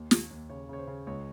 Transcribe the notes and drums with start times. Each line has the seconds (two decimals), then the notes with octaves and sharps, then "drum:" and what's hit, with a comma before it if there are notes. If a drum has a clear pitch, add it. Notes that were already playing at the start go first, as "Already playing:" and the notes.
Already playing: D#2
0.11 D#2, drum: snare
0.30 D#2
0.50 C#3 C#5
0.69 C#3 C#5
0.78 C5
0.87 C#3
1.07 C#2 C#5